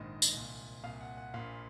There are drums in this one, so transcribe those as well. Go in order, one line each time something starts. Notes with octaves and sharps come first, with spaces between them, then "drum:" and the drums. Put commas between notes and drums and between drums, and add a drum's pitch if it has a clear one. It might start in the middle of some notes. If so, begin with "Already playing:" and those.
Already playing: A#1 G#2 D#3 D#5
drum: tambourine
C2 A#2
C2 A#2 F5
F#5
F#5
A#1 A#2 F5